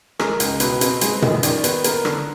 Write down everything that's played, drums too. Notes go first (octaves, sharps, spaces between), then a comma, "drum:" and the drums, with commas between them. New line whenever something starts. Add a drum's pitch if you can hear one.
G#3 A#4, drum: rim click
C#2, drum: hi-hat
B2 B4, drum: hi-hat
C4, drum: hi-hat
G#3 B4, drum: hi-hat
F#2 D#5, drum: tom A#2
D#3 D5, drum: hi-hat
B3 B4, drum: hi-hat
B3 A#4, drum: hi-hat
D3, drum: rim click